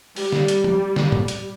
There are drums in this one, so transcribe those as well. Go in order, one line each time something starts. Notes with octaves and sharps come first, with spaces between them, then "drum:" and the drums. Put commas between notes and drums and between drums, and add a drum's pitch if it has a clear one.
G3, drum: open hi-hat
drum: snare
drum: hi-hat
drum: tom
drum: snare
drum: tom
drum: hi-hat